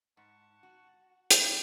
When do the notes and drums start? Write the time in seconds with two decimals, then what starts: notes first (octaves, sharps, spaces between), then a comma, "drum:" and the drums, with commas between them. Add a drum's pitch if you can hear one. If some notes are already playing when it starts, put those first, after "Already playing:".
0.17 G#2 F#5 A5 C#6
0.63 F#4
1.31 G#5, drum: hi-hat